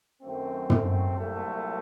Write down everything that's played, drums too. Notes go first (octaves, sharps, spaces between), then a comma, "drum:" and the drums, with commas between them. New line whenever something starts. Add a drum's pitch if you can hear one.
F#2 D#3 F#3 A3 C4
drum: tom
C2 A#2 F#3 A3